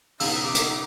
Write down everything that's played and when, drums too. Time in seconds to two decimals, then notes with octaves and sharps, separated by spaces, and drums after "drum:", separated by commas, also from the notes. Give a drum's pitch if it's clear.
0.20 B1 E2 C#3 D#4 F5 E6, drum: open hi-hat
0.42 D6
0.55 drum: hi-hat